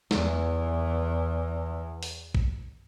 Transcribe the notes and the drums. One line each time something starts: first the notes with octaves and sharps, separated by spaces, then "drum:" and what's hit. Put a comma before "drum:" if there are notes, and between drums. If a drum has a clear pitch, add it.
E2 E3, drum: snare
drum: open hi-hat
drum: kick A#1